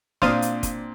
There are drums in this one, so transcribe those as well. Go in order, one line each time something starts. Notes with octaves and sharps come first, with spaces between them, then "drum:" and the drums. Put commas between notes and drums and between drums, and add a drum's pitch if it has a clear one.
A#2 C4 D4 C5 F5 D#6, drum: snare
drum: hi-hat
drum: kick, hi-hat